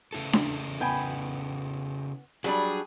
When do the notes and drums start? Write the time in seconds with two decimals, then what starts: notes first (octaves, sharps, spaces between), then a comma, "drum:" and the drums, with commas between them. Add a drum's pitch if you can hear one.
0.13 C#3 E4 A4
0.33 drum: snare D4
0.80 B3 G5 G#5
2.44 F#3 G3 D4 G#4, drum: hi-hat